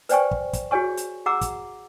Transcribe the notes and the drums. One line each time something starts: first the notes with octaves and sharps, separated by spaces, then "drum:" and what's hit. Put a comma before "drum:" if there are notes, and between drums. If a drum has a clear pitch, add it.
B4 C5 D5 G5 G#5 C#6, drum: hi-hat
drum: kick
drum: kick, hi-hat
F#4 G#4 C#5 G#5 C#6
drum: hi-hat
G#4 F#5 A#5 D6 E6
drum: kick, hi-hat